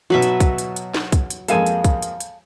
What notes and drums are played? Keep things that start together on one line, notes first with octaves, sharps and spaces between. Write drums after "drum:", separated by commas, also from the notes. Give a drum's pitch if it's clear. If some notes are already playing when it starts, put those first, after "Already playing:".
B2 F#3 F#4 B4 E5
drum: hi-hat
drum: kick, hi-hat
drum: hi-hat
drum: hi-hat
drum: snare
drum: kick, hi-hat
drum: hi-hat
F2 G#3 A#3 A4 F5 G#5, drum: hi-hat
drum: hi-hat
drum: kick, hi-hat
drum: hi-hat
drum: hi-hat